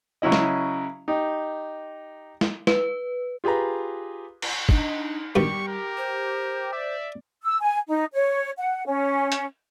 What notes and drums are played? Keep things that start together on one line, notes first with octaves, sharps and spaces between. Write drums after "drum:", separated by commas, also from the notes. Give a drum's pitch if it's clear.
C#3 F#3 C#4 E4 D#5
drum: snare
D#4 G4
drum: snare
B4, drum: snare
F4 G4 G#4 B4 A#5
drum: cymbal
D4 D#4, drum: kick
G2 B2 D#3 G3 G4 C#6
A#4
C5
D5 E5
E6
G#5
D#4
C#5
F#5
C#4
drum: hi-hat